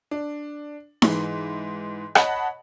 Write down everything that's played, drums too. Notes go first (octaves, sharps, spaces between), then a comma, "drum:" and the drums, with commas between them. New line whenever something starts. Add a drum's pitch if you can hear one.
D4
G#2 E3, drum: snare D#4
C#5 D#5 F#5 A5 B5, drum: rim click